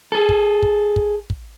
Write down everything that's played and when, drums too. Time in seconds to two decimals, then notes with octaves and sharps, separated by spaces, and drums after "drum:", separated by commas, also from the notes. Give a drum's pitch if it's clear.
0.12 G#4 A4
0.29 drum: kick
0.63 drum: kick
0.96 drum: kick
1.30 drum: kick